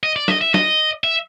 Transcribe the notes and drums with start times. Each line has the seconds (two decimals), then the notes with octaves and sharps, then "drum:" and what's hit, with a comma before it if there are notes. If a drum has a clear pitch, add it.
0.03 D#5
0.16 D5
0.28 D#5, drum: snare
0.41 E5
0.54 D#5, drum: snare
1.04 E5